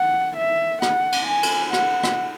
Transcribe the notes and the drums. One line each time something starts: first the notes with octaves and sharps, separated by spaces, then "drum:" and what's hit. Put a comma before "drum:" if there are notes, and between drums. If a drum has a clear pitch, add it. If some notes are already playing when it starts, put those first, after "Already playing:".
Already playing: F#5
E5
F#5, drum: rim click
drum: cymbal
G#5
drum: cymbal
F#5, drum: rim click
drum: rim click